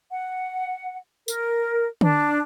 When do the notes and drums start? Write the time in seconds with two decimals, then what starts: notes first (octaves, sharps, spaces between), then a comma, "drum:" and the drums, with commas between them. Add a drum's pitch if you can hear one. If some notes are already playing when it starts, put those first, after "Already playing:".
0.11 F#5
1.28 A#4, drum: tambourine
2.01 D4, drum: tom D3